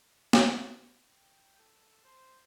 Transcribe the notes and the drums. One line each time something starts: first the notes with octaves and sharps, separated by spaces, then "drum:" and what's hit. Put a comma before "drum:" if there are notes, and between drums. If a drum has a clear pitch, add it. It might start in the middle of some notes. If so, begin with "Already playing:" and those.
drum: snare
G5
A4
C5